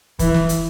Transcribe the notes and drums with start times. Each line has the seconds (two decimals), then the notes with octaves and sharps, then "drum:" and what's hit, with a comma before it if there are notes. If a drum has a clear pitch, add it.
0.19 E3, drum: kick, hi-hat
0.34 drum: snare
0.49 drum: hi-hat